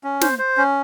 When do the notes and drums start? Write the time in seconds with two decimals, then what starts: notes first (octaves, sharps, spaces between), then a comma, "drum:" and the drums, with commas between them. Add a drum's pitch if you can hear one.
0.04 C#4
0.21 C5, drum: snare
0.39 C5
0.58 C#4